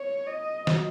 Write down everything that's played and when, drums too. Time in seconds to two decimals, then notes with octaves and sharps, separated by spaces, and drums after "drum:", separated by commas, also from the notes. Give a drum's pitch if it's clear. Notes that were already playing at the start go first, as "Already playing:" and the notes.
Already playing: C#5
0.27 D#5
0.67 F#3, drum: snare